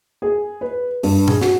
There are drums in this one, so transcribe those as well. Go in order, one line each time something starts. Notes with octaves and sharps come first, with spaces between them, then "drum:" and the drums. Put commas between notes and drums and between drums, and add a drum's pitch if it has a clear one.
G#4
B4
G2, drum: open hi-hat
G#4, drum: tom
F#4, drum: snare